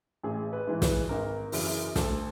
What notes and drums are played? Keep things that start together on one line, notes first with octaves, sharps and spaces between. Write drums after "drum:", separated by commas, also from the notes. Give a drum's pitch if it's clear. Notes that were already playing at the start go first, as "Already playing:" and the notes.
A1 G#4
B4
G#2 E3
B4, drum: snare
G#1 A#4
F#2 C#3 E3, drum: open hi-hat
D2 A4, drum: snare